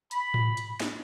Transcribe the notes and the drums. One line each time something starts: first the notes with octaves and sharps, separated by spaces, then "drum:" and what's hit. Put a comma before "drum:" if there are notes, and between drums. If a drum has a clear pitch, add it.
B5, drum: hi-hat
drum: tom A2
drum: hi-hat
drum: snare